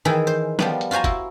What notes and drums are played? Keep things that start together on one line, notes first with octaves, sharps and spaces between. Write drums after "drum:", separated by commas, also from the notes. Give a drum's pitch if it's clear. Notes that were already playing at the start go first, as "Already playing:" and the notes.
D#3 E3 E4 G#4
C5
F3 G3 B3, drum: snare
drum: hi-hat
F4 F#4 C5 G#5 A#5
E4, drum: kick, hi-hat